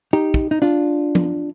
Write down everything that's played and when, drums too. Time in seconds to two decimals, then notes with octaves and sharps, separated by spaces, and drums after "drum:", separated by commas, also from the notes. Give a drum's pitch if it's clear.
0.13 D#4 G4
0.34 drum: kick
0.51 D#4
0.62 D4 F4
1.15 drum: tom